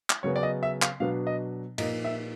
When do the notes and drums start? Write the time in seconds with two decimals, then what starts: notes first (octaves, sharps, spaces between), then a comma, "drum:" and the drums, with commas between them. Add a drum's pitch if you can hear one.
0.10 drum: clap
0.23 C#3 F#3 B3 C#5
0.36 D5
0.43 D#5
0.63 E5
0.82 F5, drum: clap
1.00 B2 F#3 B3 D4 F5
1.27 D#5
1.78 A#2 F3 A#3 D#4 D#5, drum: cymbal
2.04 E5